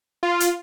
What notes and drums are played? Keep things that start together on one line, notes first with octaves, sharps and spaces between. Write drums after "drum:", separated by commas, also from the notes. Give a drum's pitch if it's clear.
F4
drum: hi-hat